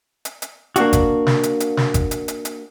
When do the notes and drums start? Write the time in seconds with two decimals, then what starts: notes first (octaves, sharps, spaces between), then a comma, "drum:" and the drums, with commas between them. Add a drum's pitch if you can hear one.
0.25 drum: hi-hat
0.42 drum: hi-hat
0.76 A#3 D4 F#4, drum: hi-hat
0.93 drum: kick G1, hi-hat
1.27 drum: snare
1.43 drum: hi-hat
1.60 drum: hi-hat
1.77 drum: snare
1.94 drum: kick G1, hi-hat
2.11 drum: hi-hat
2.28 drum: hi-hat
2.45 drum: hi-hat